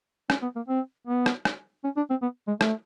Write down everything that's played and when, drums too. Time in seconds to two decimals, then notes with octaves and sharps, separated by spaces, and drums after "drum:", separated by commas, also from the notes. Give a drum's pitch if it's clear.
0.30 C#4, drum: rim click
0.42 B3
0.56 A#3
0.68 C4
1.07 B3
1.26 drum: rim click
1.45 drum: rim click
1.84 C#4
1.97 D4
2.10 C4
2.22 B3
2.48 G#3
2.61 A3, drum: rim click